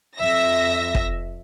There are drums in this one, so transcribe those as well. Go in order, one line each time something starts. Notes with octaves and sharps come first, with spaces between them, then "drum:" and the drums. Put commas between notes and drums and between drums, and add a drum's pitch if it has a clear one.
F2 E5 A#6
drum: kick